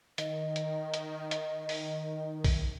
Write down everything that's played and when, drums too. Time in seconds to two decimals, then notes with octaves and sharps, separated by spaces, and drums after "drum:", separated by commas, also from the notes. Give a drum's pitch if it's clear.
0.18 D#3 D#5, drum: hi-hat
0.56 drum: hi-hat
0.94 drum: hi-hat
1.31 drum: hi-hat
1.69 drum: open hi-hat
2.44 drum: kick A#1, open hi-hat